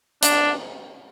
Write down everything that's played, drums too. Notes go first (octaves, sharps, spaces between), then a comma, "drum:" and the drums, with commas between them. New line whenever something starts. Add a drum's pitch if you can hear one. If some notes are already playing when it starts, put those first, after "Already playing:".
D4, drum: hi-hat